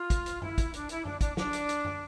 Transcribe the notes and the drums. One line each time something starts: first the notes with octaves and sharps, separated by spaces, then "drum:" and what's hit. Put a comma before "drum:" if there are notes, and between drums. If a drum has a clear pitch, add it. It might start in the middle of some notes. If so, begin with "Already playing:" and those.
Already playing: F4
drum: kick, hi-hat
drum: hi-hat
E4, drum: tom F#2
drum: kick, hi-hat
D4, drum: hi-hat
E4, drum: hi-hat
D4, drum: tom F#2
D4, drum: kick, hi-hat
D4, drum: snare
drum: hi-hat
drum: hi-hat
drum: tom F#2